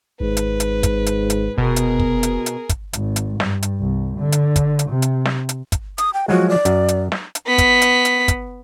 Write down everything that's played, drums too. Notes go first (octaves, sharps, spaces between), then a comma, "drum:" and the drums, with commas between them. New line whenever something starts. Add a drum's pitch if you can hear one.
G#1 G#2 B4
drum: hi-hat
drum: hi-hat
drum: kick, hi-hat
drum: hi-hat
drum: hi-hat
F1 B2 B3 G#4 A#4
drum: hi-hat
drum: kick
drum: hi-hat
drum: hi-hat
drum: kick, hi-hat
G#1, drum: hi-hat
drum: hi-hat
G2, drum: snare
drum: hi-hat
C2
D3
drum: hi-hat
drum: kick, hi-hat
drum: hi-hat
C3
drum: hi-hat
drum: snare
drum: hi-hat
drum: kick, hi-hat
D#6, drum: hi-hat
G5
F3 F#3 G#3 F#4
D5
F#2, drum: hi-hat
drum: hi-hat
drum: snare
drum: hi-hat
B3 B6
drum: kick, hi-hat
drum: hi-hat
drum: hi-hat
drum: kick, hi-hat